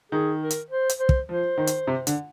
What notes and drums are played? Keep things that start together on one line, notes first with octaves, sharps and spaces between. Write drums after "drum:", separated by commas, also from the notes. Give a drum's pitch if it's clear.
D#3 G#4
A#4
drum: hi-hat
C5
drum: hi-hat
C5
drum: kick
F3 C5
D#3
drum: hi-hat
C3
D3, drum: hi-hat